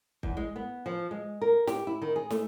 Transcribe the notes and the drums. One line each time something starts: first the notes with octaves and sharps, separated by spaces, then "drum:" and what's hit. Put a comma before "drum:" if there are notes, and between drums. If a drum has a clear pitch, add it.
E2, drum: kick
G#3
B3
F3
G#3
A#4
G4, drum: snare
E4
D#3
G#4
A3, drum: snare